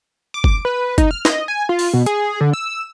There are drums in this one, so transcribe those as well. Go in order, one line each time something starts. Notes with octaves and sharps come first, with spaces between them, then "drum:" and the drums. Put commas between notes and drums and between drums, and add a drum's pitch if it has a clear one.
D6
drum: kick F#1
B4
D#4, drum: kick F#1, hi-hat
F6
D#5, drum: snare
G#5
F4
drum: open hi-hat
B2
G#4, drum: hi-hat
D3
E6